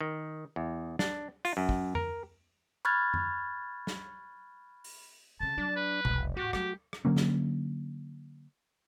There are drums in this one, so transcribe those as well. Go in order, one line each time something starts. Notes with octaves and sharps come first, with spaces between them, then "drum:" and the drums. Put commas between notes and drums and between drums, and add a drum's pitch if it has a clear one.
D#3
E2
D4, drum: snare
F4, drum: open hi-hat
F#2
drum: kick
A#4, drum: tom F2
B5 C#6 F6 F#6 G#6 A6
drum: tom F2
drum: snare
drum: open hi-hat
C#3 A3 A5
F#3 D4
B4
F1 C2, drum: tom B2
E2 A2 F#4 G4
F#3 A3 G4, drum: rim click
drum: rim click
D3 F#3 A#3 C#4
drum: snare